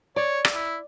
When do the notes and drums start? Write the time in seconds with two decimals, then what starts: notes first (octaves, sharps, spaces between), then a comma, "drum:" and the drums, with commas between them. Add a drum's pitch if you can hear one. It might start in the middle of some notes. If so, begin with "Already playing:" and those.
0.16 C#5 D5
0.45 drum: rim click
0.54 E4